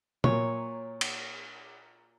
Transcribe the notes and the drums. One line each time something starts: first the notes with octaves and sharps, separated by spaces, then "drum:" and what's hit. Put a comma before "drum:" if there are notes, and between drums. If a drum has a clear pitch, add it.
A#2 F#3 A#3 C#5, drum: tom A#2
drum: cymbal